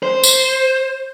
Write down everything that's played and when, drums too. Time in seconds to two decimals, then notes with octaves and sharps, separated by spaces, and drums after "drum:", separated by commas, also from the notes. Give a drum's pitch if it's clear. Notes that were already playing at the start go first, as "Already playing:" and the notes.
0.03 C5
0.23 drum: tambourine